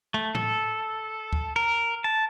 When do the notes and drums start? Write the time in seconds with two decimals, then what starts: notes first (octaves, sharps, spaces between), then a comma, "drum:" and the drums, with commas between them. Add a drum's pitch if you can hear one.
0.14 A3
0.35 A4, drum: tom A2
1.33 drum: kick D2
1.56 A#4
2.04 A5